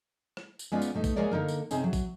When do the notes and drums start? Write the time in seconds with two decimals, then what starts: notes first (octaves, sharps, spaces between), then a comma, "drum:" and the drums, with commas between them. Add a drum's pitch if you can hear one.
0.37 drum: rim click
0.59 drum: tambourine
0.72 G#3 B3 C#4 D#4 F4 D5
0.82 drum: tambourine
0.94 B2 A3 D#4
1.04 drum: kick, tambourine
1.16 G#3 A#3 G#4 A#4 C#5 D5
1.32 D3 A#3 D#4 A#4
1.48 drum: tambourine
1.71 C3 C4 C#4 D#4 G#4, drum: tambourine
1.84 F#3
1.93 drum: kick, tambourine